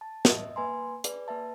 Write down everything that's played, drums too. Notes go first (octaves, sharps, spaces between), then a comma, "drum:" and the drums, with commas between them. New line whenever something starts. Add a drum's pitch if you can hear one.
A5
D#5 E5, drum: snare
A#3 B4 G#5 A#5 C6
G#4 B4 D5, drum: hi-hat
A#3 B4 E5 A5